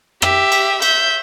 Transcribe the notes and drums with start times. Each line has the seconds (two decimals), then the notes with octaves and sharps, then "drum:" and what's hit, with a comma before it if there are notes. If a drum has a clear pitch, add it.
0.22 G4 E5, drum: rim click
0.52 drum: cymbal
0.82 E5 G6, drum: cymbal